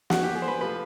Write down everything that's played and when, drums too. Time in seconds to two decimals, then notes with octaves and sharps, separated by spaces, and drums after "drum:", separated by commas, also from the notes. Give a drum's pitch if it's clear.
0.10 F#4, drum: snare
0.23 G4
0.35 G#4
0.42 C5
0.48 B4
0.60 C3 F3 A3 B4